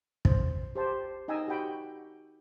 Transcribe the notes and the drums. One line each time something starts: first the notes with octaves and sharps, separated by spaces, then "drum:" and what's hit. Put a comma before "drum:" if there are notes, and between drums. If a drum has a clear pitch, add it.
C5, drum: kick
G4 C5 A5 C6
D#4 D#5 G5 G#5 A#5 E6
F#4 G4 F#5 G5 B5